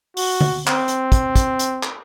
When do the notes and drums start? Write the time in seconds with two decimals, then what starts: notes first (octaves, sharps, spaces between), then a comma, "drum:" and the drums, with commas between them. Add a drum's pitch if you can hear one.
0.17 F#4, drum: open hi-hat
0.41 drum: tom
0.67 C4, drum: clap
0.88 drum: hi-hat
1.12 drum: kick, hi-hat
1.36 drum: kick, hi-hat
1.59 drum: hi-hat
1.83 drum: clap